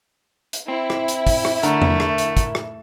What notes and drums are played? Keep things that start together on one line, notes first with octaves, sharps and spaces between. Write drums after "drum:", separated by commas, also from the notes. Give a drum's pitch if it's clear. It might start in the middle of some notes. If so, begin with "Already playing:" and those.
drum: hi-hat
C4 E4
drum: rim click
drum: hi-hat
drum: kick, open hi-hat
drum: rim click
D3 A3 A#4, drum: hi-hat
drum: tom E2
drum: rim click
drum: hi-hat
drum: kick, hi-hat
drum: rim click